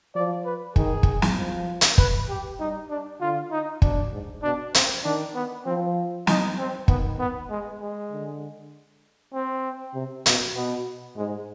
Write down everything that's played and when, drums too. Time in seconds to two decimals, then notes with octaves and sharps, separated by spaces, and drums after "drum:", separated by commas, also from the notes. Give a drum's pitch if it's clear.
0.15 F3 D5
0.45 B4
0.76 D#3 G#4, drum: kick
1.03 drum: kick
1.22 drum: snare
1.37 F3
1.81 drum: hi-hat
1.98 B4, drum: kick
2.29 G4
2.60 G3 D#4
2.90 D4
3.21 D3 F4
3.51 D#4
3.82 B2 D4, drum: kick
4.12 G#2
4.43 B2 D4
4.74 C4, drum: hi-hat
5.04 D#3 D4
5.35 B3
5.65 F3 C4
6.27 D#4, drum: snare
6.58 C4
6.88 D#3 B3, drum: kick
7.19 B3
7.50 G#3
7.81 G#3
8.11 D3
9.33 C4
9.94 C3
10.26 B2, drum: hi-hat
10.56 B2 B3
11.16 G#2 G#3